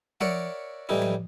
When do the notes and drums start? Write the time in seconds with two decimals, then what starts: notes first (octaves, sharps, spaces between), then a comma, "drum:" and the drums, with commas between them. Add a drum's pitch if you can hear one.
0.21 A#4 C#5 D5 E5 F#5, drum: tom F3
0.89 A2 E3 G3 D#4 E4
1.02 drum: tom F3